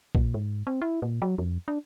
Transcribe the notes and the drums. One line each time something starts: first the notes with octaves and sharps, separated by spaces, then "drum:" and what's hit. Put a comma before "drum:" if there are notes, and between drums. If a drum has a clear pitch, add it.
A#2, drum: kick A#1
G#2
C4
E4
A#2
F#3
F2
D4